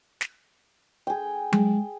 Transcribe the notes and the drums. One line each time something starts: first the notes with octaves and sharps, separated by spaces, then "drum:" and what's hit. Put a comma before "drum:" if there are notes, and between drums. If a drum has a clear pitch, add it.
drum: snare
G#4 G5
G#3, drum: tom F#3